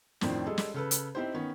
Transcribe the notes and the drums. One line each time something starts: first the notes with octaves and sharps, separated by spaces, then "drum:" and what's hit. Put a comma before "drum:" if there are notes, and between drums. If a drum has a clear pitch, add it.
F2 A2 D#3 F3 C4 D4, drum: snare
G3 G#3 G#4 A4
drum: snare
C#3 A4 B4
drum: hi-hat
C4 D#4 E4 G4 C5
D#3 B3 C#4